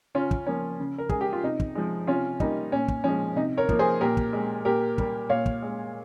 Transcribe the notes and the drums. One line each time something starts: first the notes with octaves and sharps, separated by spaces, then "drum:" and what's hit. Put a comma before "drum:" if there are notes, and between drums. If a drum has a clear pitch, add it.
C#3 C#4 F4
drum: kick
F3 A#3 C#4
C#3
A#4
G#3 G#4, drum: kick
G4
F4
C3 D#4
drum: kick
F3 G#3
C3 C#4 F4
G3 A#3 D#4, drum: kick
A#2 C#4
drum: kick
F3 G#3 C#4
C3 D#4
A#4 C#5
F3 A#3, drum: kick
G#4 C5
A#2 G4 A#4
drum: kick
G#3
A#2 G4 A#4
G3 A#3, drum: kick
A#2 C#5 F5
drum: kick
G#3